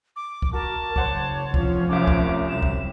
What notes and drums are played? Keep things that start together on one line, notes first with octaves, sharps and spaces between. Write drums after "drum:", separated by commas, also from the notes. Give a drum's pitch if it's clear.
D6
drum: kick
F#4 A#4 A5
F#1 C5 C#5 F#5 D6, drum: kick
F1 F3 C#4, drum: kick
C2 F#2 D6
drum: kick
F#1 C3 G3 E7
drum: kick